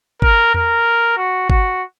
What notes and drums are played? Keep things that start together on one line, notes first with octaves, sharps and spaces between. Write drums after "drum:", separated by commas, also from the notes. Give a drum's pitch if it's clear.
A#4, drum: kick G1
A#4, drum: tom E2
F#4
F#4, drum: kick G1